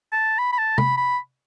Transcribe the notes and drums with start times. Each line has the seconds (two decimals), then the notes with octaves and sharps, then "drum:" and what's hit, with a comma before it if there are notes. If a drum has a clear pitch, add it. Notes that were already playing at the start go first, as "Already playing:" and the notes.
0.12 A5
0.39 B5
0.53 B5
0.58 A5
0.78 B5, drum: tom C3
0.97 B5